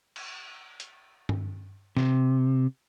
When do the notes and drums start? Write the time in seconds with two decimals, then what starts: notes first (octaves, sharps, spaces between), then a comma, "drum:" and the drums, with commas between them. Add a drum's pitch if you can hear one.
0.16 drum: cymbal
0.80 drum: hi-hat
1.29 drum: tom G2
1.97 C3, drum: snare